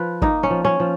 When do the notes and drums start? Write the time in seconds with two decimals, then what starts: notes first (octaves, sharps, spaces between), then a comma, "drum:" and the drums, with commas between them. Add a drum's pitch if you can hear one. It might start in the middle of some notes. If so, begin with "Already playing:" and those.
Already playing: F3 B4
0.22 A#3 D#4, drum: kick
0.43 C#4
0.50 F3
0.65 C#4
0.80 F3